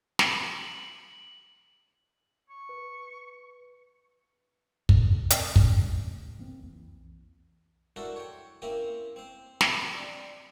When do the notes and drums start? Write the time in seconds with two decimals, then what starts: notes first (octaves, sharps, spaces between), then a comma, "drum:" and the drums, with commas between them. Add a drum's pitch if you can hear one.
0.19 F#7, drum: snare
2.50 C#6
2.69 B4
4.89 F2 C3, drum: kick
5.30 D1 G2 E3 C4, drum: hi-hat
5.56 C#3 E3 G3 C#4, drum: kick
5.87 G#2 C3 A3
6.39 E3 A#3 C4
6.62 B1 F2 E3
7.96 D4 E4 F#4 A4 A#4 C5
8.16 C#5 G5
8.62 A#3 C4 C#4 E4 G4 A#4
9.16 C4 C5
9.61 E5 G#5, drum: snare
9.91 C4 D4